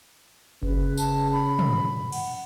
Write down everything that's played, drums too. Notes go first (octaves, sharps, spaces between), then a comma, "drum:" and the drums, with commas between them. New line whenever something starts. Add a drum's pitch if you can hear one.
C#3 B4, drum: kick F#1
A5, drum: tambourine
B5
drum: tom
F#5, drum: cymbal